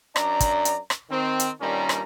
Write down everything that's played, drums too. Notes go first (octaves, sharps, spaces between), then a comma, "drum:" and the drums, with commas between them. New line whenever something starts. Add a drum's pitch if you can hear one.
F#2 D4 D5 A#5, drum: rim click
drum: kick, hi-hat
drum: hi-hat
drum: rim click
D#3 C4
drum: hi-hat
G2 A#2 D#3 G3 C#4 A#5
drum: rim click